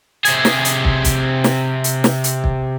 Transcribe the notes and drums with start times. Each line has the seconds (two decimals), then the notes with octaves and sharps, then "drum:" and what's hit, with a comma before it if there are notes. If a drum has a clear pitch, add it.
0.25 C3 G#4, drum: hi-hat
0.45 drum: snare
0.65 drum: hi-hat
0.85 drum: kick
1.04 drum: kick, hi-hat
1.44 drum: snare
1.84 drum: hi-hat
2.04 drum: snare
2.24 drum: hi-hat
2.44 drum: kick